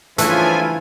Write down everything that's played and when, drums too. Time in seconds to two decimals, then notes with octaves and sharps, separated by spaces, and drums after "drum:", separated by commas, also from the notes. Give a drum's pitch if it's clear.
0.18 G2 C#3 E3 F3 A3 E4 F4 G#5, drum: hi-hat